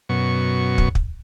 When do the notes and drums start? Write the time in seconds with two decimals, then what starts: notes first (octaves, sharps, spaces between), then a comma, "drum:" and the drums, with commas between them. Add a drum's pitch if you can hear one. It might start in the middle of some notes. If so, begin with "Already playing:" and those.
0.09 F#2 B2 C#6
0.78 drum: kick
0.95 drum: kick